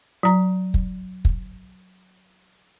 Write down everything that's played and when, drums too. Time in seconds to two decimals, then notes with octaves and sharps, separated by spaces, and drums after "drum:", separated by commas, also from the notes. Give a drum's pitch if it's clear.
0.23 F#3 A#5
0.74 drum: kick
1.25 drum: kick